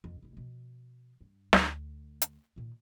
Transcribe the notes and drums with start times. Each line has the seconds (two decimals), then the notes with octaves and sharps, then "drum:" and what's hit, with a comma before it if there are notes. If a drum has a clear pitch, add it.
0.04 F2
0.22 F1 E4
0.37 B2 F3
1.21 G2
1.53 D2, drum: snare
2.22 drum: hi-hat
2.56 A#2 D#3